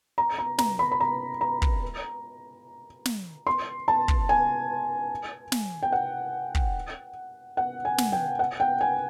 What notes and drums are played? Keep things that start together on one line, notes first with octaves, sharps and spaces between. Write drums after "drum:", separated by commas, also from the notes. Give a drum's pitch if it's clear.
A#5
A#5
A#5, drum: snare
B5
B5
A#5
A#5
drum: kick
drum: snare
C6
A5
drum: kick
G#5
drum: snare
G5
F#5
drum: kick
F#5
G#5
drum: snare
G5
F#5
G5
G#5